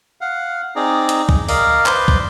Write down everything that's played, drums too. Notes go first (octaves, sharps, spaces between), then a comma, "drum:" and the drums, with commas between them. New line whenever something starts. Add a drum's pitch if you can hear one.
F5 F#5
C4 D#4 G#4 D5 A#5
drum: hi-hat
drum: kick
A#4 D5 D#5 F5, drum: open hi-hat
B4 C5 D5 C6, drum: clap
drum: kick